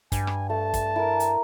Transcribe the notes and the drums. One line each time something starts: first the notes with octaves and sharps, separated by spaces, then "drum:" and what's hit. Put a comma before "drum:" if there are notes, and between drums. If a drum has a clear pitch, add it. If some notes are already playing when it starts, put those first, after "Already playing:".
G2 G#5, drum: kick, hi-hat
drum: rim click
A3 A5
drum: kick, hi-hat
E4 A#4
drum: hi-hat